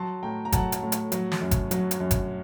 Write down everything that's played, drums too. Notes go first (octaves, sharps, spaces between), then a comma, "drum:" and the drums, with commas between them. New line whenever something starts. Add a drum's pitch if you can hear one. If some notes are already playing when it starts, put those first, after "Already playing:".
Already playing: F#3 A5 C6
A2 G5 A#5
A#5
F#3 F#5 A5, drum: kick G1, hi-hat
drum: hi-hat
A2
drum: hi-hat
F#3, drum: hi-hat
drum: snare
F#2
drum: kick G1, hi-hat
F#3, drum: hi-hat
drum: hi-hat
F#2
drum: kick G1, hi-hat